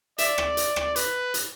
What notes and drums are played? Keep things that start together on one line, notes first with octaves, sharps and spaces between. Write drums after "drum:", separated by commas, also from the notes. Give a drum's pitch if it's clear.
D5 E5, drum: hi-hat
drum: rim click
drum: hi-hat
drum: rim click
B4, drum: hi-hat
drum: hi-hat